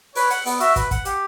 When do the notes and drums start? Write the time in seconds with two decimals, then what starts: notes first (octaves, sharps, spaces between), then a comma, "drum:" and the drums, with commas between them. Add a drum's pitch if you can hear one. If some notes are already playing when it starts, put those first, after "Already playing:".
0.15 B4 C#5, drum: open hi-hat
0.31 F#5, drum: hi-hat
0.46 B3, drum: open hi-hat
0.60 F#4 E5, drum: hi-hat
0.76 B4, drum: kick, hi-hat
0.91 F#5, drum: kick, hi-hat
1.05 G4, drum: hi-hat